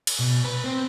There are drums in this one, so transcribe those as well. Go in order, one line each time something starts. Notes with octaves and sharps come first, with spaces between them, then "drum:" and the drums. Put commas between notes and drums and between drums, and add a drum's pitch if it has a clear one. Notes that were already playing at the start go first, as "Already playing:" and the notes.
drum: cymbal
B2
B4
C4